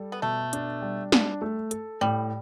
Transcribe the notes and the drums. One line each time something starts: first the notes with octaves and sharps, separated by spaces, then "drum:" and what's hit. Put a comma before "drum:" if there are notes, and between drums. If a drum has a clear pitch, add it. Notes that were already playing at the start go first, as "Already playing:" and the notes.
Already playing: G3 A4
B3
B2 A3
D4, drum: hi-hat
G3
D4, drum: snare
A3
A4, drum: hi-hat
A2 G3